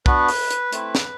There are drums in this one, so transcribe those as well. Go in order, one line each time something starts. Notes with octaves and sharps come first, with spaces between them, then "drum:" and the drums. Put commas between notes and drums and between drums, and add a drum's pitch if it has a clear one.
B3 D4 F#4 B4, drum: kick
drum: open hi-hat
drum: hi-hat
A3 C4 E4, drum: hi-hat
drum: snare